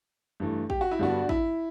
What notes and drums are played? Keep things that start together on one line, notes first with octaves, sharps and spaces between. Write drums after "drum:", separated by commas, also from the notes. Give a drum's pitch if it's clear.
G2 E3 A3
G4, drum: kick
F#4
E4
G2 D3 G3 B3 D4 F#4
E4, drum: kick